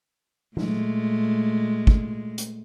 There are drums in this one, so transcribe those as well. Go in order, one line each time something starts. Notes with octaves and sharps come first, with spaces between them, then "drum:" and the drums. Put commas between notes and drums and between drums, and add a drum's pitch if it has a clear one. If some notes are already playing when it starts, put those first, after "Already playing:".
A#2 G#3 A3, drum: tom
drum: kick
drum: hi-hat